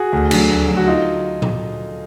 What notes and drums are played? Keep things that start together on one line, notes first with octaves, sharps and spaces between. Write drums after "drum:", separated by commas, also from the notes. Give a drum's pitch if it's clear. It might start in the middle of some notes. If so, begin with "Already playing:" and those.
Already playing: F#4 G#4
D2
D3 F#3, drum: cymbal
D2
D3 F#3
F#4
D#4 F4
drum: tom A#2